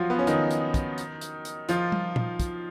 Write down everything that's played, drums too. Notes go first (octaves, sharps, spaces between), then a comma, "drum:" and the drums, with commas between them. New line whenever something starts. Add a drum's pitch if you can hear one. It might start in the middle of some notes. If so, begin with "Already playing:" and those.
Already playing: F3 F#3 F4 F#4
B3
C#4
D#3 D#4, drum: hi-hat
drum: hi-hat
drum: kick, hi-hat
drum: hi-hat
drum: hi-hat
drum: hi-hat
F3 F4, drum: hi-hat
drum: tom
drum: tom
drum: kick, hi-hat